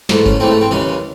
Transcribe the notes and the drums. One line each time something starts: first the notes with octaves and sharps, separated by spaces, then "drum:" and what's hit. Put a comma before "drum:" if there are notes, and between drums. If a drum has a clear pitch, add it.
G#2 E3 A3, drum: snare
C#4, drum: kick F#1
G#2 E3 A3 C4
A3
C4
D#2 C#3 E3 G#3 C#4